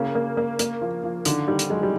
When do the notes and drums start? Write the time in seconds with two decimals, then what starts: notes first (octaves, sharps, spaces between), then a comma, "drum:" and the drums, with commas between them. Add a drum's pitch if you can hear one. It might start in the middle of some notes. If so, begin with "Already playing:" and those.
Already playing: C#3 A#3
0.15 A#3
0.37 A#3
0.59 A#3, drum: hi-hat
0.81 F3
1.04 F3
1.25 D3 D#3, drum: hi-hat
1.48 D#3 G3
1.59 drum: hi-hat
1.70 F#3 G#3
1.83 G3